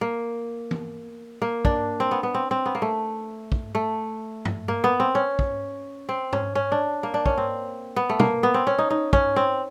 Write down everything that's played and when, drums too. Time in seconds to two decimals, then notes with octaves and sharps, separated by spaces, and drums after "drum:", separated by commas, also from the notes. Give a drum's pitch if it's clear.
0.01 A#3
0.71 drum: tom
1.42 A#3
1.65 D4, drum: kick
2.00 C4
2.11 B3
2.23 B3
2.34 C4
2.51 C4
2.66 B3
2.75 A#3
2.82 A3
3.52 drum: kick
3.75 A3
4.45 drum: tom G2
4.68 A#3
4.84 B3
5.00 C4
5.15 C#4
5.39 drum: kick
6.09 C4
6.33 C#4, drum: tom G#2
6.55 C#4
6.72 D4
7.03 A#3
7.14 D4
7.26 C#4, drum: kick
7.38 C4
7.96 B3
8.09 A3
8.19 A#3, drum: tom
8.43 B3
8.54 C4
8.67 C#4
8.78 D#4
8.90 D#4
9.13 C#4, drum: kick
9.36 C4